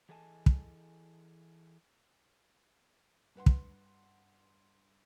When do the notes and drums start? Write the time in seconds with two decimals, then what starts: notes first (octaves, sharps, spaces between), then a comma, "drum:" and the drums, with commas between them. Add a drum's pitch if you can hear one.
0.09 E3 G#4 A4 D#5 G#5 A5
0.46 drum: kick
3.35 G2 B4 F#5 C6
3.46 drum: kick